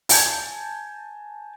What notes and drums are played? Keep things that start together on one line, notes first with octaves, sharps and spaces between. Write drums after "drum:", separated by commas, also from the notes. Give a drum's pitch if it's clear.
G#5 A5 G6 G#6, drum: open hi-hat